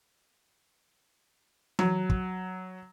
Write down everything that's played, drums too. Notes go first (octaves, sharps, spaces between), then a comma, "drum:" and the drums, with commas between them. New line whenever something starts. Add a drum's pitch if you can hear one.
F#3, drum: tom
drum: kick